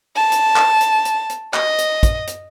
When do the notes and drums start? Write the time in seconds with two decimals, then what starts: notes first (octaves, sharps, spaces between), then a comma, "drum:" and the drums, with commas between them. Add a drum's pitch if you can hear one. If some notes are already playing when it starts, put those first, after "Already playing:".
0.16 A5
0.32 drum: hi-hat
0.56 drum: clap
0.81 drum: hi-hat
1.05 drum: hi-hat
1.30 drum: hi-hat
1.54 D#5, drum: clap
1.78 drum: hi-hat
2.03 drum: kick, hi-hat
2.27 drum: hi-hat